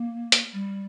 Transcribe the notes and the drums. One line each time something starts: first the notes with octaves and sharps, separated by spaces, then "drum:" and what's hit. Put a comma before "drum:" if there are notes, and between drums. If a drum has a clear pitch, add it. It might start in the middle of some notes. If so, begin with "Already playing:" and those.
Already playing: A#3
drum: hi-hat
G3